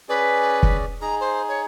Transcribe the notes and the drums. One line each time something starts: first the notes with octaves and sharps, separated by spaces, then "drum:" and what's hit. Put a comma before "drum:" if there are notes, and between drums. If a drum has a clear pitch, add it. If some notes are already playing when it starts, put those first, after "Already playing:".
C#4 G#4 B4 D5
drum: kick
D#4 G#4 A#5
C5
C#5